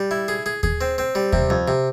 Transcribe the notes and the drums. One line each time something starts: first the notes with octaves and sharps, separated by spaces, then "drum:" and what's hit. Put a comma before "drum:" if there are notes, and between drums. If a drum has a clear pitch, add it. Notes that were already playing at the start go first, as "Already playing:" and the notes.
Already playing: G3
E4
G#4
G#4
G#4, drum: kick D#2
C4
C4
G3
C3, drum: kick D#2
F2
C3